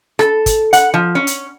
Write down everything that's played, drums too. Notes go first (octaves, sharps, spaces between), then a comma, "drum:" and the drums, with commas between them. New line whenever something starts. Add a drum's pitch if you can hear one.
A4, drum: rim click
drum: kick, hi-hat
F#5, drum: hi-hat
F3
C#4
drum: hi-hat